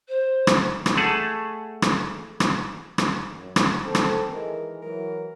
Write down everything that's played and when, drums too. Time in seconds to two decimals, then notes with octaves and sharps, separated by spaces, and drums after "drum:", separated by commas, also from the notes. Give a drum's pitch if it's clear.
0.09 C5
0.47 drum: rim click
0.86 drum: rim click
0.97 A3 G#4 F#5 A5
1.82 drum: rim click
2.40 drum: rim click
2.98 drum: rim click
3.32 F#2
3.56 drum: rim click
3.85 C4 A4
3.95 drum: rim click
4.32 D#3 E3 G#3 A#4
4.82 E3 F#3 A#4